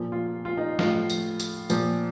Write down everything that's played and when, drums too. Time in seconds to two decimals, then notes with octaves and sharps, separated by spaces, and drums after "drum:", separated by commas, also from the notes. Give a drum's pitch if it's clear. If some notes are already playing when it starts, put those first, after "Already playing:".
Already playing: A#2 F3
0.12 F4
0.45 F4
0.57 D#4
0.79 A2 F3 F4, drum: snare
1.09 drum: tambourine
1.40 drum: tambourine
1.70 A#2 F3, drum: tambourine